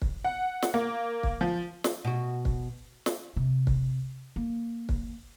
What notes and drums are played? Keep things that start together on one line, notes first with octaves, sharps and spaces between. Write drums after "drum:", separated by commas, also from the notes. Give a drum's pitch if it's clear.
drum: kick
F#5
drum: snare
A#3
drum: kick
F3
drum: snare
B2 F#4
drum: kick
drum: snare
C3
drum: kick
A#3
drum: kick